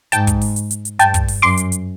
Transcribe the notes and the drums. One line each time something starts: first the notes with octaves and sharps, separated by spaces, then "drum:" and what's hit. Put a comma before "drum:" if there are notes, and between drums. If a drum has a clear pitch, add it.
G#2 G5 A5, drum: hi-hat
drum: kick, hi-hat
drum: open hi-hat
drum: hi-hat
drum: hi-hat
drum: hi-hat
G2 G5 A5, drum: hi-hat
drum: kick, hi-hat
drum: open hi-hat
F#2 C6 D6
drum: hi-hat
drum: hi-hat